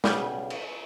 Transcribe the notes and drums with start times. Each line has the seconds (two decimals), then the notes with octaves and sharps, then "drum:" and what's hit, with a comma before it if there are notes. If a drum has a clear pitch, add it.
0.04 B1 C#3 G3, drum: snare
0.50 drum: cymbal